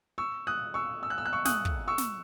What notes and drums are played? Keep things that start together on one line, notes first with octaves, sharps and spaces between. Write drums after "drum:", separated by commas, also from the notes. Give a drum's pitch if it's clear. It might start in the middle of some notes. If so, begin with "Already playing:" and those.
C#6 E6
D#6 F#6
C#6 E6
E6
F#6
E6
F#6
C#6 E6
D#6 F#6, drum: snare
drum: kick
C#6 E6
drum: snare